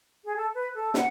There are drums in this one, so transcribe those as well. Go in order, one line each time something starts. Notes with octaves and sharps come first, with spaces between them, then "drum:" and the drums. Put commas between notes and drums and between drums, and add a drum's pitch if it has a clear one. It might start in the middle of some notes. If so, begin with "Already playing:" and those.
G#4
A4
B4
A4
F#5, drum: snare